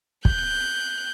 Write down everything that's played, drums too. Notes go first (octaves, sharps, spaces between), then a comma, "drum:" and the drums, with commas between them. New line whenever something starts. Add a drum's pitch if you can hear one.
F#6 G6, drum: kick